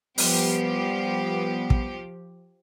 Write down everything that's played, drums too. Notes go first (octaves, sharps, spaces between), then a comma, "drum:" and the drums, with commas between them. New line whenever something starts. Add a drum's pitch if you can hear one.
F3 G3 B3 G4, drum: open hi-hat
drum: kick